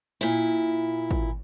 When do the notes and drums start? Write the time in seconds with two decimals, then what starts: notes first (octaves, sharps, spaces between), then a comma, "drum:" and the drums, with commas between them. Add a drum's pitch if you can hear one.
0.21 A#2 E4
1.11 drum: kick